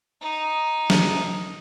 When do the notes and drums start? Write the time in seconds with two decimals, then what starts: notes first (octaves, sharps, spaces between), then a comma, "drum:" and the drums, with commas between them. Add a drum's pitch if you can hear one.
0.21 D#4
0.90 drum: snare